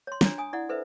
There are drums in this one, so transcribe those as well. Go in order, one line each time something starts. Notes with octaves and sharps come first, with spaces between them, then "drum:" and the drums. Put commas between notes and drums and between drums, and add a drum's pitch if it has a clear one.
C#5 C6
D4 C#5 A#5, drum: snare
G#5 D#6
E4 D5 F#5
A4 B4 C5 E5